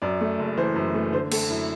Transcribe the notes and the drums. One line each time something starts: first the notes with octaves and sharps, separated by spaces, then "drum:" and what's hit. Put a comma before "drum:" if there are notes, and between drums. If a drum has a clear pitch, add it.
F#2 D5
A3
F#1
E3 C5
F#2
A3
D3 C5
A3 A4, drum: cymbal
F#2 E4